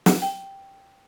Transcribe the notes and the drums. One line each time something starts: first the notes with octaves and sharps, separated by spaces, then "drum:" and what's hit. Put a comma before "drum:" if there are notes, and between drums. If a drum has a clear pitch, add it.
drum: snare
G5